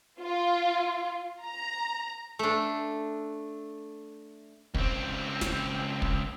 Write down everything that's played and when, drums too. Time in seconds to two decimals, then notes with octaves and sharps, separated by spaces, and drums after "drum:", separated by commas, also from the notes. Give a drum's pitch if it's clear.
0.22 F4
1.44 A#5
2.39 A3 D4
4.74 C#2 C4, drum: kick
5.41 drum: snare
6.02 drum: kick